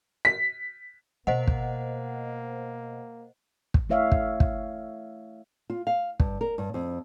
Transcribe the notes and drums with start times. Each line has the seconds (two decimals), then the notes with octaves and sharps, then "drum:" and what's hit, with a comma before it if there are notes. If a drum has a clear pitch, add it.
0.25 B6
1.27 B2 A#3 C5 D#5 F#5
1.47 drum: kick
3.74 drum: kick
3.89 A3 E4 C#5 E5 F5
4.12 drum: kick
4.40 drum: kick
5.70 F4
5.87 F5
6.20 G2, drum: kick
6.41 A#4
6.58 G2
6.74 F2